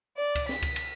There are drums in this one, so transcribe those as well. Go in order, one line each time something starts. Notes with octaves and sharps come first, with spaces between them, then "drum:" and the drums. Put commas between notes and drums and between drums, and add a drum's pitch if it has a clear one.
D5
drum: kick C#2, cymbal
B6, drum: snare
drum: kick C#2, cymbal
drum: cymbal